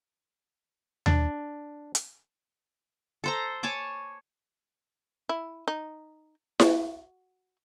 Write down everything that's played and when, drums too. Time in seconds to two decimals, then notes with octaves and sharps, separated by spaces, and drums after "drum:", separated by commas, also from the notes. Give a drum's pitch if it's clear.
1.06 D4, drum: tom D#2
1.95 drum: hi-hat
3.24 A4 C5 A#5
3.63 C#5 G#5 A5 D6
5.29 E4
5.68 D#4
6.60 F#4, drum: snare E4